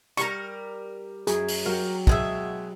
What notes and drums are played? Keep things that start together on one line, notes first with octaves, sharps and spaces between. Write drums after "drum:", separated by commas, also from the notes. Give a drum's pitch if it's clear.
G3 A#4 A#5 C#6, drum: hi-hat
F#2 G#4, drum: hi-hat
drum: open hi-hat
F#3 G4 A#4
B2 G#3 E5, drum: kick